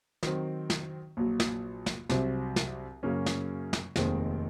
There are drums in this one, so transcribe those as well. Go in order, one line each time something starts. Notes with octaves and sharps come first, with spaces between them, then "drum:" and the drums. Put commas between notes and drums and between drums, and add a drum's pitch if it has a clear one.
D#3 F#3 C4, drum: snare
drum: snare
A#1 A#2 F#3
drum: snare
drum: snare
C2 C3 F#3 C4, drum: snare
drum: snare
F#2 C#3 F#3 A#3 C#4
drum: snare
drum: snare
F1 D#2 D#3 G#3 C4, drum: snare